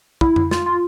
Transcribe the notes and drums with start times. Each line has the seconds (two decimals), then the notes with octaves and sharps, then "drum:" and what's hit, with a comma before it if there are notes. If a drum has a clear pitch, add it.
0.21 E4, drum: kick
0.36 drum: tom F2
0.51 F4, drum: snare
0.66 F4